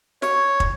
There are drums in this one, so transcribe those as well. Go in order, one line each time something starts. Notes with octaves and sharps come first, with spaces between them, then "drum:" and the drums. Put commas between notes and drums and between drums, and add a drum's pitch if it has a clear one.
C#5, drum: snare
drum: kick